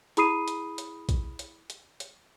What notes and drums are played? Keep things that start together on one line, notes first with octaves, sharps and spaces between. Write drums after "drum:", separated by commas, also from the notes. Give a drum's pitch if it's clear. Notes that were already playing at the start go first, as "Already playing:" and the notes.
E4 G#4 B5 D#6 C7 D#7, drum: hi-hat
drum: hi-hat
drum: hi-hat
drum: kick A#1, hi-hat
drum: hi-hat
drum: hi-hat
drum: hi-hat